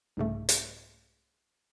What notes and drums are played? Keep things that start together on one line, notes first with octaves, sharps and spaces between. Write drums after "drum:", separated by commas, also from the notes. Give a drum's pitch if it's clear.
C2 G#2 C#3 A3
drum: hi-hat